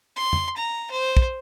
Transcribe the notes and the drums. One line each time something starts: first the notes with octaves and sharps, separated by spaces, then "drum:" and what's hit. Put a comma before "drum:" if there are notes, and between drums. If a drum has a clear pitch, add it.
C6
drum: tom
A#5
C5
drum: kick